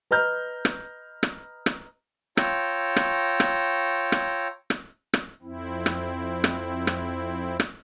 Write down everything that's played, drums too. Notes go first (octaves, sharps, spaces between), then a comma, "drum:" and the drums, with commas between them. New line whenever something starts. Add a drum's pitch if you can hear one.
B4 D#5 A#5 F6 G6
drum: rim click
drum: rim click
drum: rim click
F4 C#5 G5 A#5 E6, drum: rim click
drum: rim click
drum: rim click
drum: rim click
drum: rim click
drum: rim click
F2 C4 E4
drum: rim click
drum: rim click
drum: rim click
drum: rim click